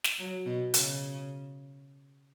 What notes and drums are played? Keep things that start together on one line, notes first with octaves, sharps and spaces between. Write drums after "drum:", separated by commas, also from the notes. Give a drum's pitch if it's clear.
drum: snare
F#3
B2
C#3, drum: hi-hat